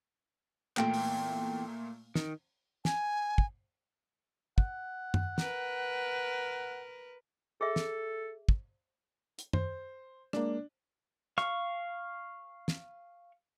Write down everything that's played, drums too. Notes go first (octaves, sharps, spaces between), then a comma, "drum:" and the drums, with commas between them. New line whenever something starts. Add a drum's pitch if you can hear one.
E2 A#2 A3 A#3 G5, drum: clap
drum: open hi-hat
D#3, drum: snare
G#5, drum: snare
drum: kick
F#5, drum: kick
drum: tom F#2
A#4 B4, drum: snare
G#4 A4 E5
drum: snare
drum: kick
drum: hi-hat
C5, drum: tom F#2
G#3 A#3 D4, drum: rim click
F5 C#6, drum: rim click
drum: snare